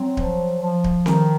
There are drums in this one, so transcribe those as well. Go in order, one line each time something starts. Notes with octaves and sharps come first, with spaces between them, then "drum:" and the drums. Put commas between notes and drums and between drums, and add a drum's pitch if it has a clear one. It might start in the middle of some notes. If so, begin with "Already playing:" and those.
Already playing: F#3 C4
F3, drum: kick D1
F3
drum: kick D1
D#3, drum: snare C4